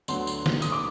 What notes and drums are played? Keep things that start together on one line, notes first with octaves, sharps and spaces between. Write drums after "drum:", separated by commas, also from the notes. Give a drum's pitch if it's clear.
D2 D3 F#3 B3 C6, drum: tambourine
drum: tambourine
drum: snare
D#6, drum: tambourine
D6